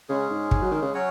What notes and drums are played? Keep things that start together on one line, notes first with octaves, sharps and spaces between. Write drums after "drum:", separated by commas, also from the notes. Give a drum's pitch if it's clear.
C#3 G#3 C#4 G#4
G#2
G#2, drum: kick
F#3
D#3
C#3
F#3 C#4 F#4 C#5